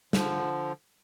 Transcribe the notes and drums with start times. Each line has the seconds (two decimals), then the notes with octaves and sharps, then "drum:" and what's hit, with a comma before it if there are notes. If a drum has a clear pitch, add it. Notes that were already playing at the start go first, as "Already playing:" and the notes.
0.13 D3 F3, drum: snare